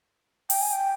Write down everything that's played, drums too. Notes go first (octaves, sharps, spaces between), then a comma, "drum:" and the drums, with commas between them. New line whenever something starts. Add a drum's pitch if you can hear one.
G5, drum: open hi-hat
G#5
G5